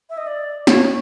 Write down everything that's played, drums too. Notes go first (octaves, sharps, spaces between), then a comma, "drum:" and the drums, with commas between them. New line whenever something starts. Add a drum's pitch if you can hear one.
E5
D#5
D5
C#5, drum: snare